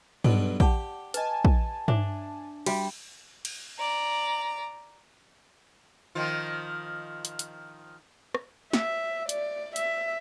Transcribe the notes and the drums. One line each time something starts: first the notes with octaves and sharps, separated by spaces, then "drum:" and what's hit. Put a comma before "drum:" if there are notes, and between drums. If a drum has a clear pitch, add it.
B1 G2 B2, drum: tom
G4 D5 F#5 A5, drum: kick
B4 D#5 G#5 A5, drum: hi-hat
drum: kick
D4 E5, drum: tom
G3 F#4 E5, drum: cymbal
drum: cymbal
D5 A#5
D#3 F3 F4
drum: hi-hat
drum: hi-hat
drum: rim click
E5, drum: snare
D5, drum: hi-hat
E5, drum: hi-hat